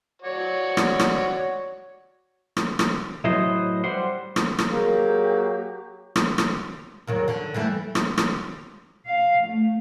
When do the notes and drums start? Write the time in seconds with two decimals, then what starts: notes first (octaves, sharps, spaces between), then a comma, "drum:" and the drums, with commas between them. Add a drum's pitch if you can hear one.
0.22 F#4 C#5 D5
0.77 drum: rim click
0.99 drum: rim click
2.57 drum: rim click
2.79 drum: rim click
3.24 A2 F#3 E4 B4 C5 D#5
3.84 G3 C5 F#5 C6
4.36 drum: rim click
4.59 drum: rim click
4.72 F#3 A#3 G4 G#4
6.16 drum: rim click
6.38 drum: rim click
7.07 E2 D#3 F#3
7.28 D3
7.54 E3 G3 A3
7.95 drum: rim click
8.18 drum: rim click
9.06 F5
9.47 A3